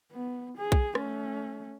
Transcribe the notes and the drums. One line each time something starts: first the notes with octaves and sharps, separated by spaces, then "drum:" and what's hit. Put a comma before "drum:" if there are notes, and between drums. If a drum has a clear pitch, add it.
B3
G#4
drum: kick B1
A3 C#4, drum: rim click